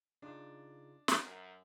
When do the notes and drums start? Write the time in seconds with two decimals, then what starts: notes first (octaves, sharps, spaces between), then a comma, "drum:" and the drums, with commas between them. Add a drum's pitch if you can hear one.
0.22 C#3 D4 D#4 F4
1.08 drum: snare
1.23 F#2 A#4